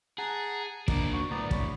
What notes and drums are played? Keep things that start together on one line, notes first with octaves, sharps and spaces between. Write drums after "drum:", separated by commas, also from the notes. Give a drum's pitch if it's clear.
G#4 F#5 A5 A#5
A#3 D4 D#4 D6, drum: kick
F#4
D2 A2 B3 D5 A#5
C#5 B5, drum: kick